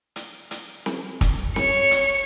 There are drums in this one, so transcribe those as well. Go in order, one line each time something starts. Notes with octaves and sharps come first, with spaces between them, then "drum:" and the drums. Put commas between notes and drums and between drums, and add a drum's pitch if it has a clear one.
drum: hi-hat
drum: hi-hat
drum: snare C4
drum: kick, hi-hat
C#5 C#7, drum: snare C4
drum: hi-hat